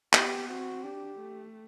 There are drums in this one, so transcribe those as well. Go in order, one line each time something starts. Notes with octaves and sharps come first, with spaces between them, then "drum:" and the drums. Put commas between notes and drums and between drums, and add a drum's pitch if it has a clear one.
B3 G4, drum: clap
C4 F#4
D4 G4
A3